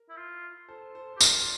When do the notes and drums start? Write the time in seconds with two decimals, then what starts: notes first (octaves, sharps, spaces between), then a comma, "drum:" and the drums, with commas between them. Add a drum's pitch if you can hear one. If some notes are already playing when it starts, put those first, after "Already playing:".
Already playing: A#4
0.09 E4
0.17 F4
0.69 A4 C5
0.95 A4 C5
1.14 C5
1.17 G4
1.20 F4 A#4 D5, drum: tambourine